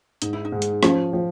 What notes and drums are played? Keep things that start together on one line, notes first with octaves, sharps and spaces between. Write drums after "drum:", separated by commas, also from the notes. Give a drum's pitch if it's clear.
G#2 D#4, drum: hi-hat
E4
D#4
G#2
drum: hi-hat
F3 C#4, drum: rim click
F3